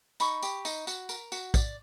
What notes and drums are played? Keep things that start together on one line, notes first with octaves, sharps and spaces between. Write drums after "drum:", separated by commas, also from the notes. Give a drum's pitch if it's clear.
D#4 B5 C#6, drum: tambourine
G4, drum: tambourine
D#4, drum: tambourine
F#4, drum: tambourine
A#4, drum: tambourine
F#4, drum: tambourine
D5, drum: kick, tambourine